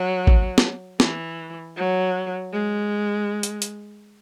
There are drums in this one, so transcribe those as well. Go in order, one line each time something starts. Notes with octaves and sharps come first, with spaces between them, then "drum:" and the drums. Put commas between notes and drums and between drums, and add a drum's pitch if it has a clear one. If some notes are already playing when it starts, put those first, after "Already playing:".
Already playing: F#3
drum: kick
drum: snare
E3, drum: snare
F#3
G#3
drum: hi-hat
drum: hi-hat